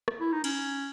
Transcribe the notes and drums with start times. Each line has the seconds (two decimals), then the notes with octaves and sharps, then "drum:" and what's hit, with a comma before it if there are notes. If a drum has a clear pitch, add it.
0.08 drum: rim click
0.20 E4
0.32 D#4
0.44 C#4, drum: cymbal